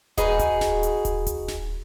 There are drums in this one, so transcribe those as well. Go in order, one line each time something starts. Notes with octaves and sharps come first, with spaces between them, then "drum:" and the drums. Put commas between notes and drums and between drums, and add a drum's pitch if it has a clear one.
D#4 F#4 G#4 B4, drum: kick, hi-hat
drum: kick, hi-hat
drum: snare D1
drum: hi-hat
drum: kick, hi-hat
drum: kick, hi-hat
drum: snare D1